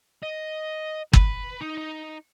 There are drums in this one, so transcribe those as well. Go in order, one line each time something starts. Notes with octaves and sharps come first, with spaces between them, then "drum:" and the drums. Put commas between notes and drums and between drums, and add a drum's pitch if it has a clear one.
D#5
B4, drum: kick G1
D#4
D#4